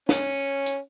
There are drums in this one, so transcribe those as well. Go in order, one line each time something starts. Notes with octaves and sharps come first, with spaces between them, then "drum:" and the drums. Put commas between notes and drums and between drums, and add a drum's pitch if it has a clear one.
C#4, drum: snare
drum: hi-hat